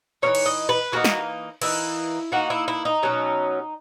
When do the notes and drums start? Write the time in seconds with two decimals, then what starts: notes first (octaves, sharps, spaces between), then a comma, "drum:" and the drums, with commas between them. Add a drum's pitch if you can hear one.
0.22 E3 A#3 D#4 C#5
0.35 drum: cymbal
0.46 D#5
0.69 B4
0.92 E3 A#3 D#4 F#4
1.04 drum: snare
1.62 E3 A#3 D#4 E4, drum: cymbal
2.32 E3 A#3 D#4 F#4
2.50 E4
2.68 E4
2.85 D#4
3.03 B2 F#3 C#4